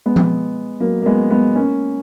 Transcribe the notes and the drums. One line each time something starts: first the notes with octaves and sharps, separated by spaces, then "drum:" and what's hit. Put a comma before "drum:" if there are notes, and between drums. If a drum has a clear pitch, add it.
G#3 B3
drum: tom F3
F#3 A#3
A#3
G#3 B3
G#3 B3
A#3 C#4